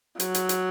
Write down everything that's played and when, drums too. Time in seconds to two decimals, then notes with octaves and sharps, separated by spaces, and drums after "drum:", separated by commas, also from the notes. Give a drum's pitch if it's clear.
0.20 F#3, drum: hi-hat
0.34 drum: hi-hat
0.49 drum: hi-hat